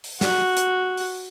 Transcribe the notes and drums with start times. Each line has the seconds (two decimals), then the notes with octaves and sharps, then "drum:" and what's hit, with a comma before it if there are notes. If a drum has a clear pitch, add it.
0.04 drum: open hi-hat
0.21 F#4, drum: snare
0.57 drum: hi-hat
0.97 drum: open hi-hat